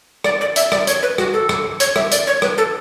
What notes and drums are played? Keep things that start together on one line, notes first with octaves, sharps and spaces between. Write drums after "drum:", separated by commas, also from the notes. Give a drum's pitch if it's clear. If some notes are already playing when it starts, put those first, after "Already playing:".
D5, drum: rim click
D5
E5, drum: hi-hat
D5, drum: rim click
C#5, drum: hi-hat
B4
F#4, drum: rim click
A4
drum: rim click
C#5, drum: hi-hat
E5, drum: rim click
D5, drum: hi-hat
C#5
B4, drum: rim click
A4